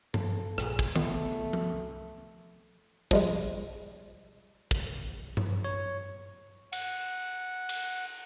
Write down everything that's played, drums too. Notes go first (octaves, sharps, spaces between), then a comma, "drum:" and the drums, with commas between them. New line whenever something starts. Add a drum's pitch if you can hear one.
A4, drum: tom G2
A#1 A#2 G#4, drum: rim click
drum: kick
C2 A3 B3, drum: tom D#3
drum: tom F3
F3 G3 G#3, drum: kick
drum: kick
drum: tom G2
C#5
F#5, drum: cymbal
drum: cymbal